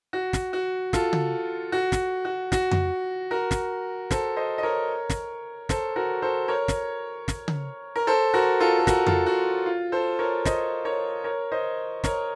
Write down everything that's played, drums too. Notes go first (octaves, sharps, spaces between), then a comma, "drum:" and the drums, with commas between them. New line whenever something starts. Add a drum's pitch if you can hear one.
F#4
drum: snare
F#4
F4 A4, drum: snare
drum: tom C#3
F#4
drum: snare
F#4
F#4, drum: snare
drum: tom F2
F#4 A#4
drum: snare
A4 C5, drum: snare
C5 D#5
D#5
A#4 C#5
drum: snare
A4 C5, drum: snare
F#4 A#4
A4 C5
A#4 C#5
drum: snare
drum: snare
drum: tom C#3
A#4
A4 C5
F#4 A#4
F4 A4
A4
F#4 A#4, drum: snare
F4 A4, drum: tom F2
F#4
F4
A4 C5
A#4 C#5
C5 D#5, drum: snare
A#4 C#5
A#4 C#5
C5 D#5
A#4 C#5, drum: snare